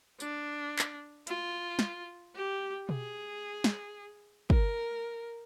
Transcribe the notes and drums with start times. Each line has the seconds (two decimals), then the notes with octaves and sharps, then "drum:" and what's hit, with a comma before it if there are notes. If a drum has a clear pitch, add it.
0.20 D4, drum: tambourine
0.79 drum: clap
1.27 F4, drum: hi-hat
1.79 drum: snare
2.35 G4
2.89 G#4, drum: tom B2
3.64 drum: snare
4.50 A#4, drum: kick